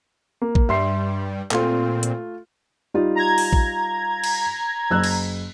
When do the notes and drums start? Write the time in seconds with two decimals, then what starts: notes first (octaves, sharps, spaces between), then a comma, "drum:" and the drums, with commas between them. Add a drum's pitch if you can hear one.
0.42 A#3
0.55 drum: kick A1
0.69 G2 G3 E5 C6 C7
1.51 A#2 A3 C4 F4, drum: clap
2.03 drum: hi-hat
2.94 G3 D#4 F4
3.15 A#5 G#6
3.38 drum: open hi-hat
3.53 drum: kick A1
4.24 drum: cymbal
4.90 F#1 E6 F#6
5.04 drum: cymbal